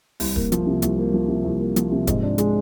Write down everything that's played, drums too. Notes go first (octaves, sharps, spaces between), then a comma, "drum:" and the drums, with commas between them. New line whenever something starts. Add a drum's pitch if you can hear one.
C2, drum: open hi-hat
A#3, drum: kick
F3, drum: hi-hat
C3
C2, drum: hi-hat
A#3
F3
C3
C2
A#3
F3, drum: hi-hat
C3
G#2, drum: kick, hi-hat
D4
G#3, drum: hi-hat